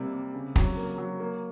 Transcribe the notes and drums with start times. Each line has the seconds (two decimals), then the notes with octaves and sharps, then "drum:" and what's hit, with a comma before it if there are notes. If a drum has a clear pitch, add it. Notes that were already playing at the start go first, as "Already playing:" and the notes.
Already playing: C3 G3 A#3
0.13 C3
0.34 C#3
0.56 F#3, drum: kick
0.77 A#3
0.98 F#3
1.20 A#3